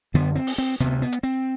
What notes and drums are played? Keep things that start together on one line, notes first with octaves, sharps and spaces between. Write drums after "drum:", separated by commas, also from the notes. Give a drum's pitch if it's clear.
F#2 D3 B3
C4
drum: open hi-hat
C4
D2 C3 B3, drum: hi-hat
B3
drum: hi-hat
C4